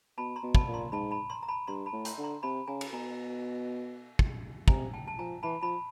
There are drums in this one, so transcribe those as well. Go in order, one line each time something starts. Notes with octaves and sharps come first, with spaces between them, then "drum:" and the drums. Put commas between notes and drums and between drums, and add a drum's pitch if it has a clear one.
B2 A5 B5
A#5 C6
B2
A5 B5, drum: kick
A#2
A#5 C6
G#2 A5 B5
A5 B5
A#5 C6
A#5
A5 B5
G2 A#5 C6
A5 B5
A2
A#5 C6, drum: hi-hat
D3
A#5 C6
C3 A5 B5
C#3 G#5 A#5
drum: cymbal
B2 G#5 A#5
drum: kick
C3 G#5 A#5, drum: kick
G5 A5
A5
F3 G#5 A#5
E3 A5 B5
F3 A5 B5